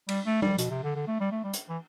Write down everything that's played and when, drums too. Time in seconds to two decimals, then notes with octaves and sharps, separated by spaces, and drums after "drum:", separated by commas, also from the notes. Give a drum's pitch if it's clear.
0.09 G3, drum: cymbal
0.26 A3
0.42 G3, drum: tom
0.58 B2, drum: hi-hat
0.71 C3
0.83 D3
0.96 D3
1.08 A3
1.20 G3
1.31 A3
1.44 G3
1.53 drum: hi-hat
1.69 E3